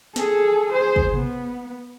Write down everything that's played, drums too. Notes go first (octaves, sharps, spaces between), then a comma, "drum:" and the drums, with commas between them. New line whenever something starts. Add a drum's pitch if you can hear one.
G#4 A4, drum: snare
G#4 C5
drum: kick
B3, drum: tom B2